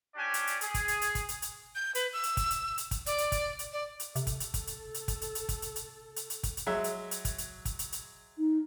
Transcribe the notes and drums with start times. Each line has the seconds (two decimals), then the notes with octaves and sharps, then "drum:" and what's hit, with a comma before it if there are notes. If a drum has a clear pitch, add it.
0.15 C#4 D4 G4 D5 G#5
0.34 drum: hi-hat
0.47 drum: hi-hat
0.61 G#4, drum: hi-hat
0.74 drum: kick, hi-hat
0.88 drum: hi-hat
1.02 drum: hi-hat
1.15 drum: kick, hi-hat
1.29 drum: hi-hat
1.42 drum: hi-hat
1.75 G6
1.95 B4, drum: hi-hat
2.13 E6
2.23 drum: hi-hat
2.37 drum: kick, hi-hat
2.51 drum: hi-hat
2.78 drum: hi-hat
2.91 drum: kick, hi-hat
3.06 D5, drum: hi-hat
3.18 drum: hi-hat
3.32 drum: kick, hi-hat
3.59 drum: hi-hat
3.73 D5
4.00 drum: hi-hat
4.16 C3 A4, drum: hi-hat
4.27 drum: kick, hi-hat
4.40 drum: hi-hat
4.54 drum: kick, hi-hat
4.67 drum: hi-hat
4.94 drum: hi-hat
5.08 drum: kick, hi-hat
5.22 drum: hi-hat
5.35 drum: hi-hat
5.49 drum: kick, hi-hat
5.62 drum: hi-hat
5.76 drum: hi-hat
6.16 drum: hi-hat
6.30 drum: hi-hat
6.43 drum: kick, hi-hat
6.57 drum: hi-hat
6.67 F#3 G#3 E5
6.84 drum: hi-hat
7.11 drum: hi-hat
7.25 drum: kick, hi-hat
7.38 drum: hi-hat
7.65 drum: kick, hi-hat
7.79 drum: hi-hat
7.92 drum: hi-hat
8.38 D#4